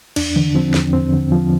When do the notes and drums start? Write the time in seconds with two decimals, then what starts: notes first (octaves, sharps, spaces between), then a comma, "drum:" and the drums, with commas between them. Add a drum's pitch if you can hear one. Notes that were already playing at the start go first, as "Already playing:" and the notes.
0.16 E2 D4, drum: cymbal
0.36 D3, drum: tom D#3
0.55 F3 C4
0.74 E2, drum: snare
0.93 E2 C4
1.12 D3
1.32 F3